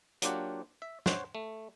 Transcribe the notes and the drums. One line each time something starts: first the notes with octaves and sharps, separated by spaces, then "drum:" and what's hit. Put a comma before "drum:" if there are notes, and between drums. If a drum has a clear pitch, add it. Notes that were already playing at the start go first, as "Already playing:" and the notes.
F#3 A#3 D4 F4 G4 F#5, drum: hi-hat
E5
C5 C#5 F#5, drum: snare
A3